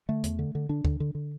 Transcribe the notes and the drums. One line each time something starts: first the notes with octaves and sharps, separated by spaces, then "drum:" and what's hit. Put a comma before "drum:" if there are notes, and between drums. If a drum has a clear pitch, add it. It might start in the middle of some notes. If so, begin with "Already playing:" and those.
D3 A3
E2, drum: hi-hat
D3
D3
D3 D4
D3, drum: kick D2
D3
D3